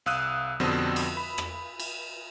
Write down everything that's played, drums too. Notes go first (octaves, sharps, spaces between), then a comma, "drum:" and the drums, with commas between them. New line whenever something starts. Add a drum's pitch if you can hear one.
C2 F5 D#6 E6 F#6 D#7
F2 B2 D3 G3 C4 D4
drum: cymbal
B5
drum: rim click
drum: cymbal